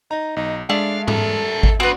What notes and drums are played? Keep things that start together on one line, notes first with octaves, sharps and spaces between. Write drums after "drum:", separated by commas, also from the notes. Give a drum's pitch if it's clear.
D#4 A#5
B1 D#4
G#3 A3 D4 F5
A4 A#4 E5, drum: tom G#2
drum: kick G#1
B3 C4 D4 F#4 B4 D7